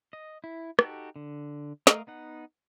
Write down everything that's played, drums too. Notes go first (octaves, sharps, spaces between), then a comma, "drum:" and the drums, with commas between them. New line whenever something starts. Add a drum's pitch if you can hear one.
D#5
E4
D#4 F#4 G4 A4, drum: rim click
D3
A3 A#4 D#5 F5, drum: snare
B3 D#4 F#5